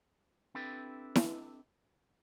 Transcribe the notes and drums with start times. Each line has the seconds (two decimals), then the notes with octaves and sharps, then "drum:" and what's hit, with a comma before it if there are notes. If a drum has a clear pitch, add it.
0.55 C4 D4 E4 G4 A4 B4
1.15 drum: snare E4